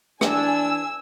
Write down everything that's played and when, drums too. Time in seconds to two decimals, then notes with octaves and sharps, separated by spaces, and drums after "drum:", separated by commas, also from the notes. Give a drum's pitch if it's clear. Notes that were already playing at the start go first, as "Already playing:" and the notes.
0.21 E3 D4 G#5 E6, drum: rim click